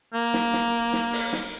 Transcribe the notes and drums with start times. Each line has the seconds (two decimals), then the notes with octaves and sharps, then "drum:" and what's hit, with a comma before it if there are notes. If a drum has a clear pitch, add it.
0.14 A#3
0.34 drum: snare
0.53 drum: snare
0.93 drum: snare
1.13 drum: open hi-hat
1.33 drum: snare